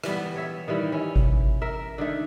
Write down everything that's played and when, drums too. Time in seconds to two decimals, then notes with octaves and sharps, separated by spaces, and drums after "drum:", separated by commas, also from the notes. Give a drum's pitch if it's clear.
0.04 E3 G3 B3, drum: rim click
0.36 C#5 E5
0.68 D#3 E3 G3 E4
0.92 C#4 E4
1.16 drum: kick G#1
1.62 A#4 E5
1.98 D3 D#3 A3